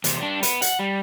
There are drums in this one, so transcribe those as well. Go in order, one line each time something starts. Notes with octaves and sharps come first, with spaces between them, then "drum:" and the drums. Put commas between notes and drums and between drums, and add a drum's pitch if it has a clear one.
E2 C3, drum: hi-hat
G3 D4
B3, drum: hi-hat
F#5, drum: hi-hat
G3